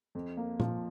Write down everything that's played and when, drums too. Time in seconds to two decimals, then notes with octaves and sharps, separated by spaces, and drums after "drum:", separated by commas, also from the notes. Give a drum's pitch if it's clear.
0.15 F2
0.37 A#3
0.60 F3, drum: tom